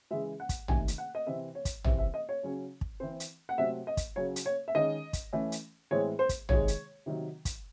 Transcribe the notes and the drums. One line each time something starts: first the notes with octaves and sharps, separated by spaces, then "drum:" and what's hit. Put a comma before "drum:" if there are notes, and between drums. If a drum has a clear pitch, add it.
C#3 E3 G#3 E5
F#5
drum: kick, hi-hat
C3 D#3 A3 G#5, drum: tom
drum: hi-hat
F#5
D#5
C3 E3 C4 E5
C#5
drum: kick, hi-hat
C3 E3 C4 E5, drum: tom
E5
D#5
C#5
C#3 F#3 C#4
drum: kick
E3 C4 C5
drum: hi-hat
F#5
C3 F#3 A3 C4 E5
D#5
drum: kick, hi-hat
C#3 F#3 C#4 C#5
drum: hi-hat
C#5
E5
D#3 G#3 C#4 D#5
drum: kick, hi-hat
E3 A3 C#4
drum: hi-hat
A2 E3 G#3 C4 C#5
C5
drum: kick, hi-hat
C3 D#3 G#3 C#5, drum: tom
drum: hi-hat
C3 D#3 F#3
drum: kick, hi-hat